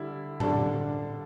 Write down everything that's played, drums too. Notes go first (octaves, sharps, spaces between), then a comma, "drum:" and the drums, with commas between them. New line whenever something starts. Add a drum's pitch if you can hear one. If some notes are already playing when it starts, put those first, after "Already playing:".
Already playing: D3 G3 E4
D3 G3 D4 A4, drum: tom A2